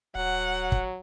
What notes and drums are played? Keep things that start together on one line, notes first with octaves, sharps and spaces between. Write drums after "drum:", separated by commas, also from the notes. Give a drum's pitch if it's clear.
D#1 F#3 F#5
drum: kick